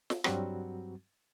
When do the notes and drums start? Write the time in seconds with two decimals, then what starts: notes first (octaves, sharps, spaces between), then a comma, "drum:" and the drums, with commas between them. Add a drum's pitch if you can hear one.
0.10 drum: snare
0.24 G2 F#3 G3 C4 F#4, drum: rim click